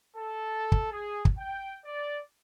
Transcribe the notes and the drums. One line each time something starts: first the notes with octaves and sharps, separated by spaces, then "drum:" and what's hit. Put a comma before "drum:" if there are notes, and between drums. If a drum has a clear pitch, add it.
A4
drum: kick
G#4
drum: kick
G5
D5